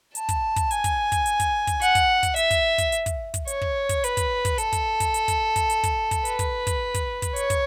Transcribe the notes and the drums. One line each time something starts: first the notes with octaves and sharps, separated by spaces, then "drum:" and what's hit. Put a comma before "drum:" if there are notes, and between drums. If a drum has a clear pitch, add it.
A5, drum: hi-hat
drum: kick, hi-hat
drum: kick, hi-hat
G#5, drum: hi-hat
drum: kick, hi-hat
drum: kick, hi-hat
drum: hi-hat
drum: kick, hi-hat
drum: kick, hi-hat
F#5, drum: hi-hat
drum: kick, hi-hat
drum: kick, hi-hat
E5, drum: hi-hat
drum: kick, hi-hat
drum: kick, hi-hat
drum: hi-hat
drum: kick, hi-hat
drum: kick, hi-hat
C#5, drum: hi-hat
drum: kick
drum: kick, hi-hat
B4, drum: hi-hat
drum: kick, hi-hat
drum: kick, hi-hat
A4, drum: hi-hat
drum: kick, hi-hat
drum: kick, hi-hat
drum: hi-hat
drum: kick, hi-hat
drum: kick, hi-hat
drum: hi-hat
drum: kick, hi-hat
drum: kick, hi-hat
B4, drum: hi-hat
drum: kick, hi-hat
drum: kick, hi-hat
drum: kick, hi-hat
drum: kick, hi-hat
C#5, drum: hi-hat
drum: kick, hi-hat